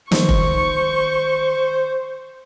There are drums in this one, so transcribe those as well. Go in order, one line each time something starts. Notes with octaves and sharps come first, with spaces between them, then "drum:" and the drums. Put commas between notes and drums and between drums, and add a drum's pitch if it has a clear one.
D#3 C5 C#6, drum: snare
drum: kick F1